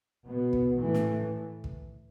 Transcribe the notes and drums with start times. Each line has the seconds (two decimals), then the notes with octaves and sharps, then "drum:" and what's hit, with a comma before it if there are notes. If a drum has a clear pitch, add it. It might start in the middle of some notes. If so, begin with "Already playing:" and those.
0.25 B2 B3
0.53 drum: kick
0.81 A2 E3 A3
0.94 drum: snare
1.64 drum: kick